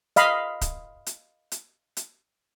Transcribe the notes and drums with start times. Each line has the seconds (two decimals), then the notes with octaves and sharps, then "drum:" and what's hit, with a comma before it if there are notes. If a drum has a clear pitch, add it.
0.16 D#5 F5 B5, drum: hi-hat
0.61 drum: kick C#1, hi-hat
1.06 drum: hi-hat
1.52 drum: hi-hat
1.97 drum: hi-hat